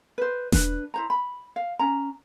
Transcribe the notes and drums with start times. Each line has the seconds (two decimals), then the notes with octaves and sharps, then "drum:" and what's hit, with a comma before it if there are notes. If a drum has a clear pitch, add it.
0.18 B4 C5
0.52 D4 B4, drum: snare E1
0.94 E4 C5 A#5
1.10 B5
1.56 F5
1.79 C#4 A#5